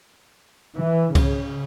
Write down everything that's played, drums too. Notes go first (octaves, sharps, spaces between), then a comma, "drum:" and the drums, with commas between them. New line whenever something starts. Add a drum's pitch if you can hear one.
E3
C#3, drum: kick C2, cymbal